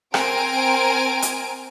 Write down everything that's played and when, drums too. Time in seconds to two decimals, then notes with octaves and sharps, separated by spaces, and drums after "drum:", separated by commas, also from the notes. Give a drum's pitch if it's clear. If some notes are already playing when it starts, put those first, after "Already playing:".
0.14 C4 A#4 G#5 D7, drum: rim click
1.22 drum: hi-hat